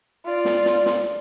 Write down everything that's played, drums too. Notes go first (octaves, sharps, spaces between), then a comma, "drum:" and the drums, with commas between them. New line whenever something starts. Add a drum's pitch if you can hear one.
F4 D5
drum: snare
drum: snare
drum: snare